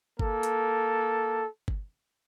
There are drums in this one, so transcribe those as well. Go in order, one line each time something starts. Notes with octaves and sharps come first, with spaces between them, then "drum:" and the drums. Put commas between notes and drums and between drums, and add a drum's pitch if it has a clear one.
A#3 A4, drum: kick G1
drum: hi-hat
drum: kick G1